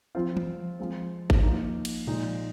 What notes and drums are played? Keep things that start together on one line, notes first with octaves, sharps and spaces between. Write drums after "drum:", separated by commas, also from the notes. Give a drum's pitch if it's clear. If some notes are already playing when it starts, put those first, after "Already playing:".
F3 C4 F4
drum: tom
F3 G#3 C4
drum: kick G#1
F3 A#3 D#4
drum: cymbal
A#2 F3 G#3 D#4